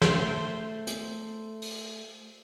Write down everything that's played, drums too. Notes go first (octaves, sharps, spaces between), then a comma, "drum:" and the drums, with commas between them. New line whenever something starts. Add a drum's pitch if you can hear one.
A3 C5, drum: snare
drum: hi-hat
drum: open hi-hat